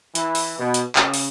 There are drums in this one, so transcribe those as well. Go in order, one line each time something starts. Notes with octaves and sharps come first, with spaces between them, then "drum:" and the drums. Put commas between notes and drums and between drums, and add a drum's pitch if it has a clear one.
E3, drum: hi-hat
drum: open hi-hat
B2
drum: hi-hat
C#3, drum: clap
drum: open hi-hat